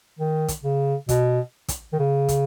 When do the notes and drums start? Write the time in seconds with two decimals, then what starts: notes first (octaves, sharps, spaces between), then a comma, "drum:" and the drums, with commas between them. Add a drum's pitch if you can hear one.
0.19 D#3
0.48 drum: kick, hi-hat
0.63 C#3
1.09 B2, drum: kick, hi-hat
1.68 drum: kick, hi-hat
1.93 D#3
1.99 C#3
2.28 drum: kick, hi-hat